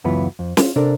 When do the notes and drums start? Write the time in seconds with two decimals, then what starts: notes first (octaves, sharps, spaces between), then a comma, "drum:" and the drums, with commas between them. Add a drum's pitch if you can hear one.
0.04 C#2 F#2 E3 B3 F4 B5
0.39 F2
0.57 F4, drum: snare
0.76 C3 D4 A4 A#4 D5